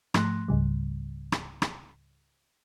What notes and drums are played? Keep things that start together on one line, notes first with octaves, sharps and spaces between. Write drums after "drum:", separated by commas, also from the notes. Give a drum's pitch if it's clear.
G#2 F3 A3 C6 F#6 A#6, drum: rim click
C#2 G#2 C#3 G3
drum: rim click
drum: rim click